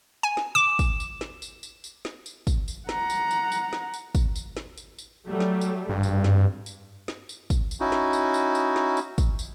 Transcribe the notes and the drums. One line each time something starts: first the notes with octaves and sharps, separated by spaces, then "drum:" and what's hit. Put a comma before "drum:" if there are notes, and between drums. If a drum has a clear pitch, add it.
G#5
drum: snare
D6 E7
drum: kick, tambourine
drum: tambourine
drum: snare
drum: tambourine
drum: tambourine
drum: tambourine
drum: snare
drum: tambourine
drum: kick, tambourine
drum: tambourine
F#5 A#5, drum: snare
drum: tambourine
drum: tambourine
drum: tambourine
drum: snare
drum: tambourine
drum: kick, tambourine
drum: tambourine
drum: snare
drum: tambourine
drum: tambourine
F#3 G3 A3
drum: snare
drum: tambourine
G#1 G2
drum: tambourine
drum: snare
drum: tambourine
drum: snare
drum: tambourine
drum: kick, tambourine
drum: tambourine
C#4 D#4 E4 F#4
drum: snare
drum: tambourine
drum: tambourine
drum: tambourine
drum: snare
drum: tambourine
drum: kick, tambourine
drum: tambourine